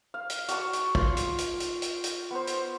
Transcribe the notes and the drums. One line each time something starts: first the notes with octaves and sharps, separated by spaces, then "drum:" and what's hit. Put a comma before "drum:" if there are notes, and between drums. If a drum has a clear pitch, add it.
F5
drum: hi-hat
F#4 D5 A5 C#6, drum: hi-hat
drum: hi-hat
F4, drum: kick
drum: hi-hat
drum: hi-hat
drum: hi-hat
drum: hi-hat
drum: hi-hat
B3 C5
drum: hi-hat